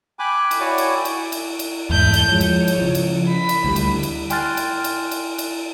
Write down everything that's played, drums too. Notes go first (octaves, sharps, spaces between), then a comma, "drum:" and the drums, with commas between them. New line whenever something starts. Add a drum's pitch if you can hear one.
G5 G#5 B5 D6 F#6
drum: cymbal
E4 F#4 C#5 D5 G5 G#5
drum: cymbal
drum: cymbal
drum: cymbal
drum: cymbal
E2 G#2 A3 G6
drum: cymbal
F3 G#3 C#5
drum: cymbal
drum: cymbal
C#3 F3
drum: cymbal
B5
drum: cymbal
D2 G3
drum: cymbal
drum: cymbal
G5 G#5 C6 F6 F#6 A6, drum: cymbal
drum: cymbal
drum: cymbal
drum: cymbal
drum: cymbal